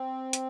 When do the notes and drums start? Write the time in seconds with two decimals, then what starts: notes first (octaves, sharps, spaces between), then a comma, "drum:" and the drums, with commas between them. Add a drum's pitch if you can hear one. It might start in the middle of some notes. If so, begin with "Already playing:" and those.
Already playing: C4
0.33 drum: hi-hat